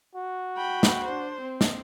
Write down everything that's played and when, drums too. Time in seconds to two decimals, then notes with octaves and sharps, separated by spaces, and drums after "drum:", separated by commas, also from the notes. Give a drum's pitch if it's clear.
0.15 F#4
0.57 G5 B5
0.83 drum: snare
1.05 D4 C5
1.41 C4
1.61 drum: snare